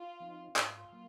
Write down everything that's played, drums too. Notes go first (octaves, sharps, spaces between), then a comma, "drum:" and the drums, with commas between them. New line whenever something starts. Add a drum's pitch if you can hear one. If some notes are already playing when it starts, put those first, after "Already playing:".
Already playing: F4
F3 C4 D#4
G#2 F4, drum: clap
F#3 A#3